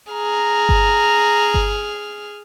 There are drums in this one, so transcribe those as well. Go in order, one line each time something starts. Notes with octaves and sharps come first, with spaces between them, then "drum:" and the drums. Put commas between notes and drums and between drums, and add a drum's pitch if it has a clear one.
G#4 A#5 F6
drum: kick G1
drum: kick G1